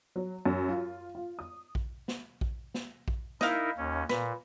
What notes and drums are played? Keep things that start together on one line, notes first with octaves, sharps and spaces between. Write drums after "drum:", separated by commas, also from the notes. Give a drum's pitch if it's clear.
F#3
F#2
F4
F4
D#6
drum: kick A#1
drum: snare
drum: kick A#1
drum: snare
drum: kick A#1
D#4 E4 A#4 D#5 F5, drum: snare
D#2 C#4
A#2 B4, drum: snare